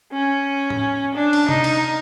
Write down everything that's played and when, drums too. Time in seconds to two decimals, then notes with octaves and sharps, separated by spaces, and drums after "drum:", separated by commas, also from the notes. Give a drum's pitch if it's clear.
0.13 C#4
0.70 drum: tom A2
1.14 D4
1.33 drum: cymbal
1.49 D#4, drum: tom C3
1.64 drum: cymbal